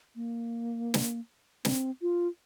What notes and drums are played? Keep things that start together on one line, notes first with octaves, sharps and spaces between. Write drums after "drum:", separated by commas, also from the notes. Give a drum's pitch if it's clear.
A#3
drum: snare
C4, drum: snare
F4